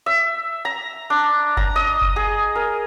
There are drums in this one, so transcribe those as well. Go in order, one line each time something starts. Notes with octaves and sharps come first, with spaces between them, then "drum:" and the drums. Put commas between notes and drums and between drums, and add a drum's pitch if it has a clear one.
E5
A#5
D4
A#5, drum: kick G1
D#5
drum: kick G1
G#4
A#4